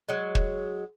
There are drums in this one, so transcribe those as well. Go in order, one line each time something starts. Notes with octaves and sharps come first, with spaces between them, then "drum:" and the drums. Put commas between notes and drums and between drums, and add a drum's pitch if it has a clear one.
F#3 G#3
drum: kick